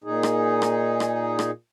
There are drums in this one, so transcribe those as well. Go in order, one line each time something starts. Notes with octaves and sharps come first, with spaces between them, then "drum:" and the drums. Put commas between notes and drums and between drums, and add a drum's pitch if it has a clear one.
A#2 D#4 G#4
drum: rim click
drum: rim click
drum: rim click
drum: rim click